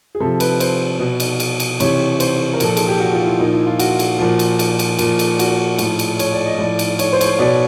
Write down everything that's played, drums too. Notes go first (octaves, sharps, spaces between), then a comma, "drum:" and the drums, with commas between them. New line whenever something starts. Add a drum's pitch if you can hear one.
G#4
C3 F3 A4
B4, drum: cymbal
C5, drum: cymbal
B2
drum: cymbal
drum: cymbal
drum: cymbal
C3 E3 C#5, drum: cymbal
C5, drum: cymbal
A#4
A#2 F3 A4, drum: cymbal
G#4, drum: cymbal
G4
F#4
F4
E4
A#2 F3 D#4
E4
F4
F#4, drum: cymbal
drum: cymbal
A#2 F3
drum: cymbal
drum: cymbal
drum: cymbal
A#2 F3, drum: cymbal
drum: cymbal
F#4, drum: cymbal
A2 F3, drum: cymbal
drum: cymbal
C#5, drum: cymbal
D5
D#5
A2 F3 D5
drum: cymbal
C#5, drum: cymbal
C5
C#5, drum: cymbal
C5
B2 D5
C#5